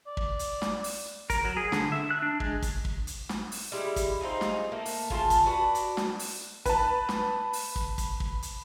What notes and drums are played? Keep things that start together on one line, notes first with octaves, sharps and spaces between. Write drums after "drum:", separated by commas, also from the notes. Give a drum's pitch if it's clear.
D5
drum: kick
drum: hi-hat
drum: snare
drum: open hi-hat
A#4, drum: kick, hi-hat
F#3
G#4
D3, drum: snare
E5
F#6
D4
G#3, drum: kick
drum: kick, hi-hat
drum: kick
drum: hi-hat
drum: snare
drum: open hi-hat
G3 G#3 E4
drum: kick, hi-hat
C4 D#4 F4 G#4
drum: snare
A3 A#3
drum: open hi-hat
C#3 F4 A4 A5, drum: kick
drum: kick, hi-hat
D4 F#4 B4
drum: hi-hat
drum: snare
drum: open hi-hat
B4 A5, drum: kick, hi-hat
drum: snare
drum: open hi-hat
drum: kick
drum: kick, hi-hat
drum: kick
drum: hi-hat